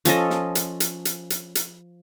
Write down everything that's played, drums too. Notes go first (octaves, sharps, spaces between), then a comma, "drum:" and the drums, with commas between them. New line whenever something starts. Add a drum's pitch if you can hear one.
F3 C#4 A4 D#5, drum: hi-hat
drum: snare
drum: hi-hat
drum: hi-hat
drum: hi-hat
drum: hi-hat
drum: hi-hat